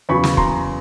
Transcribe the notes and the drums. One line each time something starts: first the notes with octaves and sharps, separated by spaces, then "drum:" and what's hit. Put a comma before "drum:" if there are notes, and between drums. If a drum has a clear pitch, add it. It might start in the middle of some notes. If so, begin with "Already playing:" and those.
E2 C#3 F#3 B5 C#6
drum: snare
A#5 C6, drum: kick